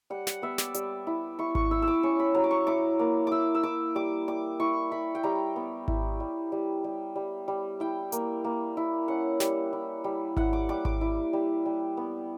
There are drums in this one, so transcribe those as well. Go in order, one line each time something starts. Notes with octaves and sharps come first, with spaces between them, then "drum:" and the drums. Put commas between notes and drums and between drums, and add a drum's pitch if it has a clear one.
G3 F#5
F#5, drum: snare
B3 E5
D5, drum: snare
G3, drum: hi-hat
E4
E4 C#6
C#6, drum: kick G#1
E4 E6
E6
D6
C#4 C#6
B5
F#3 A#5
D6
C#6
E4 D6
A#3
E4 D6 E6
E6
E4 D6
G3 D6
G3 D6
E4 C#6
E4 B5
G5
G3 A#5
B3
E4, drum: kick G#1
G3
G3
G3
G3
G3
E4 G5
A#3, drum: hi-hat
A#3
E4
C#4 F#5
G3, drum: snare
E4
G3
E4 F#5, drum: kick G#1
D6
G3 D6
D6, drum: kick G#1
E4
G3
G3
B3